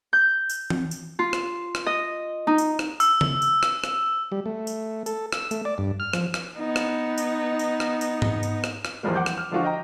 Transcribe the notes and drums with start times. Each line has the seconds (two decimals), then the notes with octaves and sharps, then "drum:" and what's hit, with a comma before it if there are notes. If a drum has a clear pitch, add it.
0.13 G6
0.50 drum: tambourine
0.70 drum: tom E3
0.91 drum: tambourine
1.19 F4
1.33 drum: rim click
1.75 drum: rim click
1.86 D#5
2.47 D#4
2.58 drum: tambourine
2.79 drum: rim click
3.00 E6, drum: tambourine
3.21 drum: tom C#3
3.42 drum: tambourine
3.63 drum: rim click
3.84 drum: rim click
4.32 G3
4.46 A3
4.67 drum: tambourine
5.06 A4, drum: tambourine
5.33 E6, drum: rim click
5.51 A3, drum: tambourine
5.65 D5
5.78 G2
6.00 F6
6.13 F3, drum: rim click
6.34 drum: rim click
6.57 B3 D#4
6.76 drum: rim click
7.18 drum: tambourine
7.59 drum: tambourine
7.80 drum: rim click
8.01 drum: tambourine
8.22 drum: tom G#2
8.43 drum: tambourine
8.64 drum: rim click
8.85 drum: rim click
9.03 E2 E3 F3 G3 G#3 A#3
9.15 F#5 D6 G6
9.26 drum: rim click
9.38 F6
9.51 D3 F3 G#3 D4 F4 F#4
9.64 D#5 G5 A#5